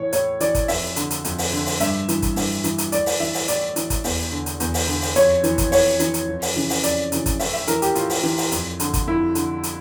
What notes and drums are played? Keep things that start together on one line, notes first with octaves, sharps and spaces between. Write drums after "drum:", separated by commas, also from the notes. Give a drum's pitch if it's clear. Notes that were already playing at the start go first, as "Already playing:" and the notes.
Already playing: A2 E3 C#5
A2 C#5, drum: hi-hat
E3 D5, drum: hi-hat
drum: kick, hi-hat
F2 E5, drum: open hi-hat
D3, drum: hi-hat
drum: hi-hat
F2, drum: hi-hat
drum: open hi-hat
D3
drum: open hi-hat
G2 E5, drum: hi-hat
E3, drum: hi-hat
drum: kick, hi-hat
G2, drum: open hi-hat
E3, drum: hi-hat
drum: hi-hat
A2 D5, drum: hi-hat
drum: open hi-hat
E3 E5
drum: open hi-hat
A2 D5, drum: hi-hat
E3, drum: hi-hat
drum: kick, hi-hat
E2, drum: open hi-hat
D3
drum: hi-hat
E2, drum: hi-hat
drum: open hi-hat
D3
drum: open hi-hat
F2 C#5, drum: hi-hat
E3, drum: hi-hat
drum: kick, hi-hat
F2 C#5, drum: open hi-hat
E3, drum: hi-hat
drum: hi-hat
F2
drum: open hi-hat
C#3 E3
drum: open hi-hat
F2 D5, drum: hi-hat
C#3 E3, drum: hi-hat
drum: kick, hi-hat
A2 E5, drum: open hi-hat
E5
E3 A#4, drum: hi-hat
G4, drum: hi-hat
A2 F4, drum: hi-hat
drum: open hi-hat
E3
drum: open hi-hat
F2, drum: hi-hat
D3, drum: hi-hat
drum: kick, hi-hat
F2 E4
D3, drum: hi-hat
drum: hi-hat